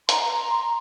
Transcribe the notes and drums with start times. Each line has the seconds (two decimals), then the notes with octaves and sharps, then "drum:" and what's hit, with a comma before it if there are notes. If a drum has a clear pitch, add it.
0.09 A#5 C6, drum: hi-hat